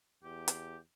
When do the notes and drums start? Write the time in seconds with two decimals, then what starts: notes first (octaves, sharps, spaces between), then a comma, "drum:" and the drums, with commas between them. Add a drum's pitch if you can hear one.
0.24 E2 G4
0.48 drum: hi-hat